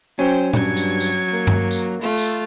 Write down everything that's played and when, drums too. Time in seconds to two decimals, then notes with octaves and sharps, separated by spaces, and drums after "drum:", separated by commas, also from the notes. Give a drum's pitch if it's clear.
0.19 F#3 C#4 C5 G5
0.53 G2 F#3 G#6 C#7, drum: tom A#2
0.77 drum: tambourine
1.00 drum: tambourine
1.32 A#3
1.47 drum: tom G2
1.71 drum: tambourine
2.01 A3 F4
2.18 drum: tambourine